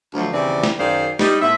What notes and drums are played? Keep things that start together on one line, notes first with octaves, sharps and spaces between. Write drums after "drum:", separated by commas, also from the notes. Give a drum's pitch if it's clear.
D2 F3 F#3
D#2 C#3 E3 C4 D5
drum: snare
F#2 D#3 G#4 C5 D5 F5
G3 D#4, drum: snare
A2 B3 C5 E5